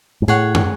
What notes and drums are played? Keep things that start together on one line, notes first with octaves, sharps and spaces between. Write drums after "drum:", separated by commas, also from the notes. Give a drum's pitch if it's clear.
G#2
A2 G#4 C#5 F#5
drum: tom